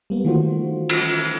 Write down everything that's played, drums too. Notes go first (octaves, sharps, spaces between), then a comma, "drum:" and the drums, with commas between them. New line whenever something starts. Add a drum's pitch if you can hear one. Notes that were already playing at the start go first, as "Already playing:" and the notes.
G3 A#3 B3
D#3 E3 A3 F4 F#4 C5
drum: cymbal